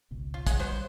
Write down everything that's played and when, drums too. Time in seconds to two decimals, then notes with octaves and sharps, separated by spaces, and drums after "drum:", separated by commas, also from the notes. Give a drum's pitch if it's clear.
0.11 G#1 C#2 B2
0.34 F4
0.47 G#3 F#5, drum: kick, hi-hat
0.60 F#3 G3 B3 C5